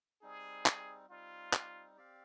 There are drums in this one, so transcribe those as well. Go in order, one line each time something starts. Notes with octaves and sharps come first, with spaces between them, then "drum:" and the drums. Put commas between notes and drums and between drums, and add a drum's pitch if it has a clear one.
G3 C4 D#4 G#4
drum: clap
G3 C4 D#4 F4
drum: clap
C4 G4 D5 F5